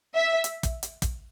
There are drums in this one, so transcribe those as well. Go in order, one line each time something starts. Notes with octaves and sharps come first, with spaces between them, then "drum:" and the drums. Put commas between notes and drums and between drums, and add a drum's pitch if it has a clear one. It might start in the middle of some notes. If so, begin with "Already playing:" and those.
E5
drum: hi-hat
drum: kick, hi-hat
drum: hi-hat
drum: kick, hi-hat